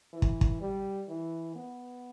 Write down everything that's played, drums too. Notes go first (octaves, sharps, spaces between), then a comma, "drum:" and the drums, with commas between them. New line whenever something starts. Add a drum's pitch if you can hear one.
E3
drum: kick
drum: kick
G3
E3
B3